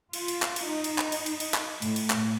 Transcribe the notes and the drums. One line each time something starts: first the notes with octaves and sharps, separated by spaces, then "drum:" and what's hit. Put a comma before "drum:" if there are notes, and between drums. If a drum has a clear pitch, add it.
F4, drum: cymbal
drum: cymbal
drum: clap
drum: cymbal
D#4
drum: cymbal
drum: clap
drum: cymbal
drum: cymbal
drum: cymbal
drum: clap
A2, drum: cymbal
drum: cymbal
drum: clap